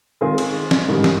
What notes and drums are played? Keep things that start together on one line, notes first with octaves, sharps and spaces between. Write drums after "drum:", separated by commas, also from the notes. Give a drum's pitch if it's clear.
D#3 G#3 C4 F4 G#4
drum: cymbal
drum: snare
A1 G#2 D#3 G3
drum: snare